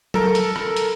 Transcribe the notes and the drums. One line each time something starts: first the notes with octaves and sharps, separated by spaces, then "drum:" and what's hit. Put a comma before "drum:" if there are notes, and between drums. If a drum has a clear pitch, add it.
A4 A#4, drum: tom F#3
drum: hi-hat
drum: rim click
drum: hi-hat